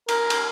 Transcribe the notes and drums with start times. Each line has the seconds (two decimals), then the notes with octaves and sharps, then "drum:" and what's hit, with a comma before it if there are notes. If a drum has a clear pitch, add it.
0.08 A#4, drum: cymbal
0.30 drum: cymbal